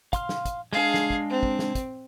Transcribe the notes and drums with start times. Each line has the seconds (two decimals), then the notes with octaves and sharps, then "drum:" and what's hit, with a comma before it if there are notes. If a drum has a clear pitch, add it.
0.13 F5 C6 F6, drum: kick, hi-hat
0.29 drum: snare
0.45 drum: kick, hi-hat
0.73 G#3 D4 G#4 F5
0.94 drum: snare
1.10 drum: kick
1.30 C4
1.43 drum: kick
1.59 drum: snare
1.75 drum: kick, hi-hat